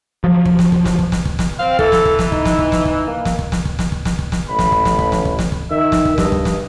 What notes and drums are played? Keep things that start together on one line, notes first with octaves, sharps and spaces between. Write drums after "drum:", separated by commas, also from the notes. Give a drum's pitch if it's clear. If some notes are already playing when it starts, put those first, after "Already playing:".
F3 F#3
drum: kick
drum: snare
drum: kick
drum: snare
drum: kick
drum: snare
drum: kick
drum: snare
C4 F5
E3 A4, drum: kick
drum: snare
drum: kick
drum: snare
D#4, drum: kick
drum: snare
drum: kick
drum: snare
drum: kick
A#3
drum: snare
drum: kick
drum: snare
drum: kick
drum: snare
drum: kick
drum: snare
drum: kick
drum: snare
A1 B5
drum: snare
drum: kick
drum: snare
drum: kick
drum: snare
drum: kick
drum: snare
drum: kick
D#3 E5
drum: snare
drum: kick
G2 D#5, drum: snare
drum: kick
drum: snare